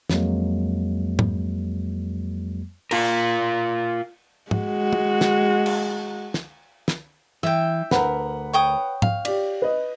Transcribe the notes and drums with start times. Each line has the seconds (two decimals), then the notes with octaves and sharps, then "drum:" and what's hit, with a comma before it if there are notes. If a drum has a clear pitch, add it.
0.10 F2 F#3 G#3 A#3, drum: snare
1.19 drum: tom G#2
2.91 F4 A#4, drum: cymbal
4.51 G#3 F#4, drum: tom G#2
4.93 drum: tom
5.21 drum: snare
5.66 drum: cymbal
6.34 drum: snare
6.88 drum: snare
7.43 E3 E5 G5
7.91 D2 A#4 B4 F#5 B5, drum: snare
8.53 C#5 G5 D#6
9.02 F5, drum: tom G#2
9.25 G4 D5, drum: cymbal
9.62 B4 D#5